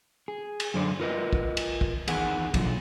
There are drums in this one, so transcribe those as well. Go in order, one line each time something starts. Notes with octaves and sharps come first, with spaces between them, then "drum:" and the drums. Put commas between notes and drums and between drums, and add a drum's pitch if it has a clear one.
G#4
drum: cymbal
F#2 D3 C5 D5
F4 A#4 B4 D#5
drum: kick
drum: cymbal
drum: kick
E2 D#3 G#4 F#5 G#5, drum: cymbal
B2 D3 F3 F#3, drum: kick, cymbal